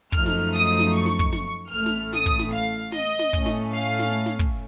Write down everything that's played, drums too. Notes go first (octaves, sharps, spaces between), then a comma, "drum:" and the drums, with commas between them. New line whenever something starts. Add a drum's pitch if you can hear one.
F#2 F3 A3 D#4 F6, drum: kick
drum: snare
D#6
drum: snare
C#6
drum: snare
drum: kick
drum: snare
A1 A2 A3 F6
drum: snare
D#6, drum: snare
drum: kick
drum: snare
F5
D#5, drum: snare
drum: snare
A2 A3 C#4, drum: kick
drum: snare
F5
drum: snare
drum: snare
drum: kick